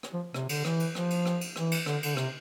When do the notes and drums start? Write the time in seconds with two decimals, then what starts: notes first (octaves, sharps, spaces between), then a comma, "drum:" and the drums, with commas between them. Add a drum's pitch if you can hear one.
0.03 drum: rim click
0.13 F3
0.34 C3, drum: rim click
0.49 D3, drum: cymbal
0.65 E3, drum: rim click
0.80 drum: cymbal
0.95 F3, drum: rim click
1.10 drum: cymbal
1.26 drum: rim click
1.41 drum: cymbal
1.56 E3, drum: rim click
1.72 drum: cymbal
1.86 D3, drum: rim click
2.03 D3, drum: cymbal
2.17 C3, drum: rim click